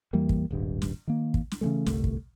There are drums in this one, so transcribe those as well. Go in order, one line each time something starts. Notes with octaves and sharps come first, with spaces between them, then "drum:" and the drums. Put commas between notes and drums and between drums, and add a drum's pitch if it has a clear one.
E2 E3 G3 A#3
drum: kick
D#1 G#1 G2
drum: snare
D#3 A#3
drum: kick
drum: snare
C#3 E3 G#3 A3
G1 C2 A3, drum: snare
drum: kick